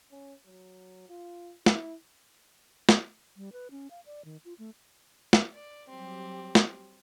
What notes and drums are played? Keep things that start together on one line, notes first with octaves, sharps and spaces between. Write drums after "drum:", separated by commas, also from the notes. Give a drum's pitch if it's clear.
C#4
F#3
F4
E4, drum: snare
drum: snare
G3
B4
C#4
F5
D5
D#3
F4
A3
drum: snare
D5
F#3 G3 C4 G4
drum: snare